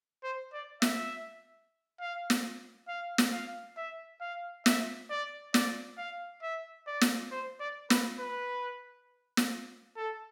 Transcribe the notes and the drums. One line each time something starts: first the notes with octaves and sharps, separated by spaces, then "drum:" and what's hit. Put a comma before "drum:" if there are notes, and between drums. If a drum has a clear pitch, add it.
C5
D5
E5, drum: snare
F5
drum: snare
F5
drum: snare
F5
E5
F5
E5, drum: snare
D5
D5, drum: snare
F5
E5
D5
drum: snare
C5
D5
B4, drum: snare
B4
drum: snare
A4